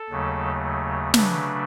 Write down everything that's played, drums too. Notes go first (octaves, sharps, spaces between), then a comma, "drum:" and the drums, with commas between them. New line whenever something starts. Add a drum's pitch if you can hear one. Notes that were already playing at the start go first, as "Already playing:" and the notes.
Already playing: A4
D#2 C#3 F#3 A3
C#3 F#3 A3 D4 B4, drum: snare